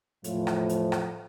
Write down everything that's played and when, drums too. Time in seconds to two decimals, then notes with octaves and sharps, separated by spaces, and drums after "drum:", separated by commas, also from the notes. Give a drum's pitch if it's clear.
0.24 E2 A2 F3, drum: hi-hat
0.47 drum: rim click
0.69 drum: hi-hat
0.92 drum: rim click